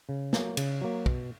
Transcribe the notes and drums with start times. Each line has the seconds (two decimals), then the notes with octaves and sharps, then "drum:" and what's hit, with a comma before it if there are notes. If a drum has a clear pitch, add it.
0.09 C#3
0.33 F#3 A#3, drum: snare
0.57 C#3, drum: cymbal
0.81 F#3 A#3
1.06 B2, drum: kick